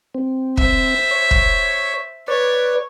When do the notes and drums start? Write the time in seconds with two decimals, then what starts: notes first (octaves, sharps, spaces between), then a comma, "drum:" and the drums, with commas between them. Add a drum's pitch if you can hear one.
0.15 C4
0.57 C5 E5, drum: kick
1.11 C#5
1.31 drum: kick
2.28 B4 C#5 D5